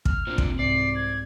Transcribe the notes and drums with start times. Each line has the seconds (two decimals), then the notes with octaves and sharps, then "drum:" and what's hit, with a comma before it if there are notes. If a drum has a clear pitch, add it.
0.05 F6, drum: kick
0.27 A#2 D3 C4
0.38 drum: kick
0.59 C2 G#2 C3 D5 C7
0.96 G#6